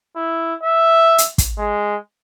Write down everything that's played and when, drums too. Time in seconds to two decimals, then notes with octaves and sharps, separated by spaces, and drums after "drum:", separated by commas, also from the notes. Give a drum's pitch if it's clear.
0.16 E4
0.63 E5
1.18 drum: hi-hat
1.38 drum: kick, hi-hat
1.58 G#3